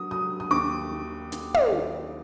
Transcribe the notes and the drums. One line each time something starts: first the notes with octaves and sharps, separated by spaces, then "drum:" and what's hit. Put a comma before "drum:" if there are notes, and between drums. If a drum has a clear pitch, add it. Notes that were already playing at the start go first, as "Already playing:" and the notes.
Already playing: F#3 D#6
F#3 D#6
D#6
D#2 D6
D#3
D#2, drum: hi-hat
drum: tom
D#3